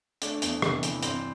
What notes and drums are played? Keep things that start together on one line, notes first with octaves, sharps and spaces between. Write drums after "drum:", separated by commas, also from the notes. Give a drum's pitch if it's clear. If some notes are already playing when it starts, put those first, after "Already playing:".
A3 D4, drum: hi-hat
E2, drum: hi-hat
C3, drum: rim click
E3, drum: hi-hat
G2 C4, drum: hi-hat